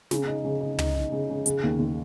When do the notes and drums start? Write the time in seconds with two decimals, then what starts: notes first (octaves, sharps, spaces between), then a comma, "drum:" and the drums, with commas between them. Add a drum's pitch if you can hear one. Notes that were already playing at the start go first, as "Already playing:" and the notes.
0.11 C#3, drum: snare
0.27 D#4
0.44 C#3
0.61 D#4
0.78 D#4, drum: tom
0.95 D#4
1.12 C#3
1.30 C#3
1.46 C#3, drum: hi-hat
1.63 D#2
1.79 D#2